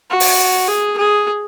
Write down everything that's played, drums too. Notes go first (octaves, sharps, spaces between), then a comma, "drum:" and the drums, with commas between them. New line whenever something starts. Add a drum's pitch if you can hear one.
F#4
drum: open hi-hat
G#4
G#4